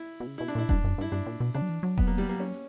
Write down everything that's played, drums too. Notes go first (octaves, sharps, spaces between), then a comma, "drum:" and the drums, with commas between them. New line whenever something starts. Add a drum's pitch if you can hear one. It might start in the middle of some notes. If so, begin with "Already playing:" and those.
Already playing: E4
B2
C#3
B2 E4
D4
A#2 E4
G2 D4, drum: kick E1
F#2
G2 E4
G2 D4
A#2
B2
C#3 D4
F#3
E3
F#3
B3, drum: kick E1
A#3
G3
A#3
C#4